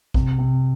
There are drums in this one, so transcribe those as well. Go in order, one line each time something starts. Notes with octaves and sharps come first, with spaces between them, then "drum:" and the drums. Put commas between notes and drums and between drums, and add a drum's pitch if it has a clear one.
C3, drum: kick A#1
C3